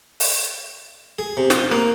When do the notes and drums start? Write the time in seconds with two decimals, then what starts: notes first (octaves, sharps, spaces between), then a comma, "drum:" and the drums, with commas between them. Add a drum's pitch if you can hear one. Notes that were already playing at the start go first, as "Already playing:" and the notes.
0.20 drum: open hi-hat
1.19 G#4
1.37 C3
1.50 F4, drum: snare
1.71 A#3, drum: rim click